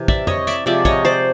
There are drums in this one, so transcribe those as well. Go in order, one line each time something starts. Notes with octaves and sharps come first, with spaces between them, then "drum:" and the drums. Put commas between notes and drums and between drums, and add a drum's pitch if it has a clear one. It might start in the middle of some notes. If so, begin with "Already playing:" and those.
Already playing: C3 E3
D5 E5, drum: kick
C#5 D#5, drum: tom F2
D5 E5, drum: hi-hat
C3 F3 G#3 D5 E5
C#5 D#5, drum: kick
C5 D5